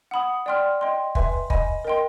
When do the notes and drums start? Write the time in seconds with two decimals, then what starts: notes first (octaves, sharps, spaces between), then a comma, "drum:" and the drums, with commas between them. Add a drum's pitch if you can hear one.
0.11 F#5 B5 D#6
0.46 D5 G5 C6 F6
0.81 D#5 G5 C6
1.15 B4 E5 G#5 C6, drum: kick
1.50 D#5 G#5 B5, drum: kick
1.85 A#4 D#5 G5 C6